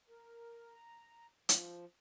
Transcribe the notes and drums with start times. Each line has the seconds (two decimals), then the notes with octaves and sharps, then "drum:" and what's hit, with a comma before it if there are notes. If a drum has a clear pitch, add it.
0.09 A#4
0.74 A#5
1.49 F3, drum: hi-hat